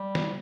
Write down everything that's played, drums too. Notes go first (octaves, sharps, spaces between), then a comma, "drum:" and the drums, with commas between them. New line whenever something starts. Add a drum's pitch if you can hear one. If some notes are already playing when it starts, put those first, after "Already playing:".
Already playing: G3
drum: snare